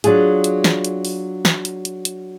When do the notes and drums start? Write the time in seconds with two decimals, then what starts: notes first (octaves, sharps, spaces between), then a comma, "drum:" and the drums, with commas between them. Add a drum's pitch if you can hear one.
0.04 F#3 D4 F4 G#4, drum: hi-hat
0.44 drum: hi-hat
0.64 drum: snare
0.84 drum: hi-hat
1.05 drum: open hi-hat
1.45 drum: snare
1.65 drum: hi-hat
1.85 drum: hi-hat
2.05 drum: hi-hat